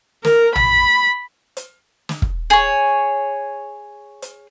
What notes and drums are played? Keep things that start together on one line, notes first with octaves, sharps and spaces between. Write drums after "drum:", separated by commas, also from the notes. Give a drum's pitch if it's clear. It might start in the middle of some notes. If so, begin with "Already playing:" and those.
A#4, drum: snare
B5, drum: tom
drum: hi-hat
drum: snare
drum: kick
G#4 C#5
drum: hi-hat